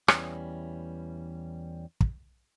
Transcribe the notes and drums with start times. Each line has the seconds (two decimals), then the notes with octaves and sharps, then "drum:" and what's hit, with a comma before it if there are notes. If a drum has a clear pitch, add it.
0.08 E2 G2 E3 G3 C#4, drum: rim click
2.01 drum: kick